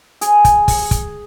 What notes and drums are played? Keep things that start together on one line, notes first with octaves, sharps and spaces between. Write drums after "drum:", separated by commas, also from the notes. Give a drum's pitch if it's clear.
G#4, drum: hi-hat
drum: kick, hi-hat
drum: kick, open hi-hat
drum: kick, hi-hat